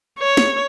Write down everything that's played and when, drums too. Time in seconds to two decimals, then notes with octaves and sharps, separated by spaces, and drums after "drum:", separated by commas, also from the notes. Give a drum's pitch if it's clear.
0.20 C#5
0.37 drum: snare